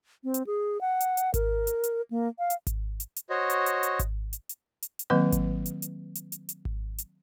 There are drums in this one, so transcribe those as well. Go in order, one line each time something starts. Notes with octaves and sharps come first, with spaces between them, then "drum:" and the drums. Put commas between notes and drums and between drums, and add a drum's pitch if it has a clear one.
C4
drum: hi-hat
G#4
F#5
drum: hi-hat
drum: hi-hat
A#4, drum: kick G#1, hi-hat
drum: hi-hat
drum: hi-hat
A#3
F5
drum: hi-hat
drum: kick G#1, hi-hat
drum: hi-hat
drum: hi-hat
F#4 C5 C#5 D#5
drum: hi-hat
drum: hi-hat
drum: hi-hat
drum: kick G#1, hi-hat
drum: hi-hat
drum: hi-hat
drum: hi-hat
drum: hi-hat
D#3 F#3 A#3 C4 B4 D#5
drum: kick G#1, hi-hat
drum: hi-hat
drum: hi-hat
drum: hi-hat
drum: hi-hat
drum: hi-hat
drum: kick G#1
drum: hi-hat